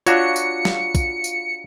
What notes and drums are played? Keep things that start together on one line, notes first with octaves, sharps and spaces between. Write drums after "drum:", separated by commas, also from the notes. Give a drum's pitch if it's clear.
D4 F4 F#4 C#5 F5 C#7, drum: tambourine
drum: tambourine
drum: snare
drum: kick, tambourine
drum: tambourine